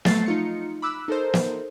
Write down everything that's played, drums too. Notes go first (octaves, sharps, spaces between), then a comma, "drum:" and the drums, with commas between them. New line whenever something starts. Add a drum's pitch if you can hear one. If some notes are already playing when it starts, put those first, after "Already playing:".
F3 F#3 A3 A6 C7, drum: snare
D#4 F4 C#7
B5 D6 E6 F#6
D#4 A4 A#4 C5
drum: snare